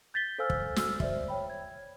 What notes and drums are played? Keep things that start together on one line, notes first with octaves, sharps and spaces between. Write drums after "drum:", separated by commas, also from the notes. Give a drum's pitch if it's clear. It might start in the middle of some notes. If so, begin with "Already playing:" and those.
G6 A6 B6 G7
A4 C5 F5 G#5 E6 F6
drum: kick
F#4 E6 F6, drum: snare
C5 D5 E5, drum: kick
C#5 G5 B5
G#6